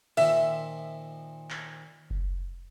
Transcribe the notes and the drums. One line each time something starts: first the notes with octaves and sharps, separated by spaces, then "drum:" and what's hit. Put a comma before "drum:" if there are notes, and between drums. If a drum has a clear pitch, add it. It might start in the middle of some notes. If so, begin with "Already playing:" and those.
A#2 D#3 F3 E5, drum: open hi-hat
drum: clap
drum: kick F#1